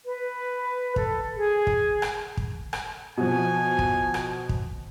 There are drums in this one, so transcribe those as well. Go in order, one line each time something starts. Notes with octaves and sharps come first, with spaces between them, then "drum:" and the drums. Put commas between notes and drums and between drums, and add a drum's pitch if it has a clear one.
B4
A4, drum: kick
G#4
drum: kick
drum: rim click
drum: kick
drum: rim click
B2 F3 G#5
drum: kick
drum: rim click
drum: kick